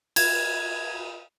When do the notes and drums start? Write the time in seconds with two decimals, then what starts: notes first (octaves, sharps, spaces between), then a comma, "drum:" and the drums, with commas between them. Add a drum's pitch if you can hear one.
0.16 G#6, drum: cymbal